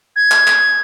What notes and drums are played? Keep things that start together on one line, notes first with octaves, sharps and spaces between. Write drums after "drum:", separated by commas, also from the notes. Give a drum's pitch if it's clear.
G#6
drum: clap
drum: clap